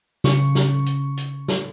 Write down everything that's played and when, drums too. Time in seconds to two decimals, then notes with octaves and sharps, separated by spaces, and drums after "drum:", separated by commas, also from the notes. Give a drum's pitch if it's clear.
0.24 C#3 C#6, drum: snare
0.55 drum: snare
0.86 drum: hi-hat
1.17 drum: hi-hat
1.48 drum: snare